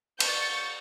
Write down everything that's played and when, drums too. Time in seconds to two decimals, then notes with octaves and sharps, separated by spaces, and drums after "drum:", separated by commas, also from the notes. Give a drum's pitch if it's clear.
0.20 C#6 G6 A6, drum: cymbal